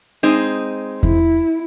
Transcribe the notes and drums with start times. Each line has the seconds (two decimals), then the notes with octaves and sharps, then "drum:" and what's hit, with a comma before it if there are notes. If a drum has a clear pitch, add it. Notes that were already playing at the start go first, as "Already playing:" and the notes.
0.23 G#3 C4 D#4
1.03 E4, drum: kick E2